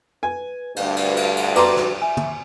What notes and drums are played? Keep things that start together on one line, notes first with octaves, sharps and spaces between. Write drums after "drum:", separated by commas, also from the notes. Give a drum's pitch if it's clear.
B4 G#5
D2 G2 F5, drum: cymbal
drum: cymbal
drum: cymbal
drum: cymbal
F#4 B4 D5 A#5 C6 D6, drum: cymbal
drum: snare
E5 G#5
drum: tom